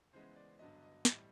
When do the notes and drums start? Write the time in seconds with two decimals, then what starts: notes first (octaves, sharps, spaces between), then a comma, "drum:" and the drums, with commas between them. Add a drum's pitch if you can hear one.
0.13 C#3 E3 G#3 B3 C5
0.36 D5
0.59 G2 D3 F#3 B3 D#5
0.82 D#5
1.05 A2 E3 G3 C4 D#5, drum: snare